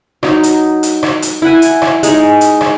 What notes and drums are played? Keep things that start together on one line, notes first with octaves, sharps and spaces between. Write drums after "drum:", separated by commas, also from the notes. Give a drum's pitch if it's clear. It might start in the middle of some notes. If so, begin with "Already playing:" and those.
F#3 D#4, drum: rim click
drum: hi-hat
drum: hi-hat
drum: rim click
drum: hi-hat
E4 F#5 G#5
drum: hi-hat
drum: rim click
G#3 D#4 C#5, drum: hi-hat
drum: hi-hat
drum: rim click